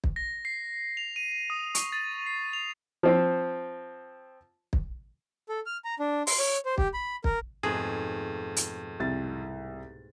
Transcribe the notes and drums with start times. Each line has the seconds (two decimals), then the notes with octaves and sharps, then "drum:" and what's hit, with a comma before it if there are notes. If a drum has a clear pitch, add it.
0.04 drum: kick
0.16 A#6
0.45 C7
0.97 F7
1.16 D#7
1.32 D#7
1.50 D#6
1.75 C#6, drum: hi-hat
1.92 A6
2.26 C7
2.53 F7
3.03 F3 C4
4.73 drum: kick
5.49 A4
5.66 F6
5.85 A#5
5.99 D4
6.27 C6, drum: open hi-hat
6.39 C#5
6.66 C5
6.78 G4, drum: kick
6.94 B5
7.24 A#4, drum: kick
7.63 F2 G#2 B2 A3 G#4
8.57 drum: hi-hat
8.99 C2 A6